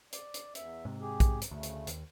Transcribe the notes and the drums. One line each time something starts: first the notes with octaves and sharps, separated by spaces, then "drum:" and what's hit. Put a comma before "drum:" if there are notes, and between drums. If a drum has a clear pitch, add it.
D5, drum: hi-hat
drum: hi-hat
E2 E5, drum: hi-hat
G#2 C3
G4 G#4
drum: kick A#1, hi-hat
drum: hi-hat
D2 C#3 A3
drum: hi-hat
D#2, drum: hi-hat